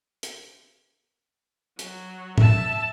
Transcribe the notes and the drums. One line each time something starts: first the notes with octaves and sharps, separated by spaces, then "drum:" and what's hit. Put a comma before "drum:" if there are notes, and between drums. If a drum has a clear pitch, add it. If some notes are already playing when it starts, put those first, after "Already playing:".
drum: hi-hat
F#3, drum: hi-hat
E5 A5, drum: tom A2